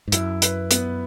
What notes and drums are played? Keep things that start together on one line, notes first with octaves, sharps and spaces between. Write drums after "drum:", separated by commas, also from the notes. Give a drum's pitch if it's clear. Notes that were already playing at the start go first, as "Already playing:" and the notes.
G#2
F#2 E4, drum: hi-hat
B4, drum: hi-hat
B3, drum: hi-hat